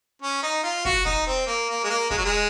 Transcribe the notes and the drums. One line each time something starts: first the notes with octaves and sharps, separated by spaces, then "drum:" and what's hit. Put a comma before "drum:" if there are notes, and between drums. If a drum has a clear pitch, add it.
C#4
D#4
F4
F#4, drum: kick
D#4, drum: kick
C4
A#3
A#3
G#3
A#3
G#3, drum: kick
F#3
G#3